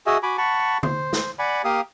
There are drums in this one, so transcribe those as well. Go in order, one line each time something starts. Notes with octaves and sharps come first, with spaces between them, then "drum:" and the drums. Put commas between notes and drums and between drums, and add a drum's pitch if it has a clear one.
F#4 G#4 D#5 E5
F#4 G#5 B5 D6
F#5 A5 B5 C#6
C5, drum: tom D3
drum: snare
D5 F#5 G#5 B5
A#3 G4 F5 D#6